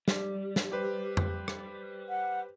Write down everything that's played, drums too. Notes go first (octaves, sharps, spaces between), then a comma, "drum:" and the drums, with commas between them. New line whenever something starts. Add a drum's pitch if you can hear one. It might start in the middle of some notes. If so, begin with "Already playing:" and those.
G3, drum: snare
drum: snare
G4 B4 C5
drum: tom F2
drum: rim click
F#5